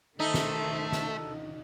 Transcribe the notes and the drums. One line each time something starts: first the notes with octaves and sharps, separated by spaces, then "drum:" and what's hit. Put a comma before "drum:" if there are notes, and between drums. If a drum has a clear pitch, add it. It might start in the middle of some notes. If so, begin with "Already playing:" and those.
D#3 A3 D#4 A4 C5 E5
drum: snare
drum: snare